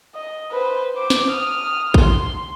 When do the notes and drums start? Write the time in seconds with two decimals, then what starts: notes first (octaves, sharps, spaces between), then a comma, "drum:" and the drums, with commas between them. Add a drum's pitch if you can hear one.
0.15 D#5
0.52 B4 C5
0.96 C5 D6
1.10 drum: snare
1.31 D#6 F6
1.94 C6, drum: kick A1